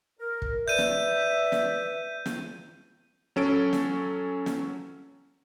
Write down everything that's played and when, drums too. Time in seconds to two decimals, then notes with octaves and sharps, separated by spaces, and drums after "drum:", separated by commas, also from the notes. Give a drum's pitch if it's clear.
0.20 A#4
0.42 drum: kick
0.68 B4 D5 E5 G6 D#7
0.78 drum: snare
1.52 drum: snare
2.26 drum: snare
3.36 F#3 C#4 A4 D7
3.73 drum: snare
4.46 drum: snare